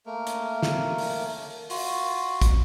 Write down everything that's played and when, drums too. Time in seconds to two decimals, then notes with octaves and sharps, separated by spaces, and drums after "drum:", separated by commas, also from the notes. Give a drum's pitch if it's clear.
0.06 A3 A#3 A#4
0.27 drum: hi-hat
0.63 drum: snare
0.98 drum: open hi-hat
1.70 F4 F#4, drum: open hi-hat
2.42 drum: kick, hi-hat